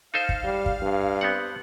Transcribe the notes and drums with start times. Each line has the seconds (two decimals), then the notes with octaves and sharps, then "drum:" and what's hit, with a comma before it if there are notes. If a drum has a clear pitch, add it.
0.14 D#4 A4 C5 F5
0.29 drum: kick
0.44 G3
0.66 drum: kick
0.82 G2
1.21 B3 C4 F#5